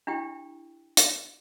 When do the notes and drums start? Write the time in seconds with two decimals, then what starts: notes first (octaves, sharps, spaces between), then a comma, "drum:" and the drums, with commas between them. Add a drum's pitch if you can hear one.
0.07 D4 E4 G4 G5
0.97 drum: hi-hat